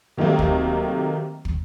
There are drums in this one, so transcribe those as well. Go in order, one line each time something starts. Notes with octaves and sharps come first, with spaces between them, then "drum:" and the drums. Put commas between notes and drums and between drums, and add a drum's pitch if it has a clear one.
C3 D#3 F#3 A3 A#3
drum: kick
drum: kick